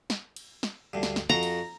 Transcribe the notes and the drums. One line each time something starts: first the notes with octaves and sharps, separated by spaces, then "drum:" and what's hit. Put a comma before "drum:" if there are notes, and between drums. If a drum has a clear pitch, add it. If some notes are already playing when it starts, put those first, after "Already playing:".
drum: snare
drum: cymbal
drum: snare
D2 G2
drum: snare
drum: snare
F2 F#4 A#5 C6
drum: cymbal